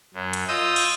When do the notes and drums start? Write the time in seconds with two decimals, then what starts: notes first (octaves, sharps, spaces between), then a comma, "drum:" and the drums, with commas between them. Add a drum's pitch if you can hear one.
0.14 F#2
0.33 drum: hi-hat
0.48 F4 D#5 D#6 E6 G6
0.76 drum: cymbal